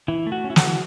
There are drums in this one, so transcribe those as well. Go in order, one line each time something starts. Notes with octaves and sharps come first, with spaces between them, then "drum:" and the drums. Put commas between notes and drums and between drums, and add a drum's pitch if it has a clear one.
E3 E4
A3
F#4
C#4
E4
F#4, drum: snare
E3